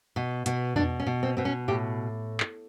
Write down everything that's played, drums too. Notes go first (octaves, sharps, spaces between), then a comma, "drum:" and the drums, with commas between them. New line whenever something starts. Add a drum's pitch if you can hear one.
B2
B2, drum: hi-hat
B2 D4, drum: tom E2
C#4
B2
C4
B2 C4
C#4
A2 G4
drum: clap